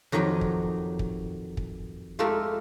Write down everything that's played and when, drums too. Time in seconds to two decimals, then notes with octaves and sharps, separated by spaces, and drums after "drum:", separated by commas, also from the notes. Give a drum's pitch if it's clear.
0.12 F2 D#3 F#3 G4 D#5
0.41 drum: kick
0.99 drum: kick
1.57 drum: kick
2.19 G#3 A3 F4 G4 A4 A#4